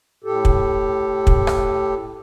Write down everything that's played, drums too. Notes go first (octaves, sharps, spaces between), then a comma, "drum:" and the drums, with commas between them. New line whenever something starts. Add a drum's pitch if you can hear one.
A2 G4 A4
drum: kick
drum: kick
drum: rim click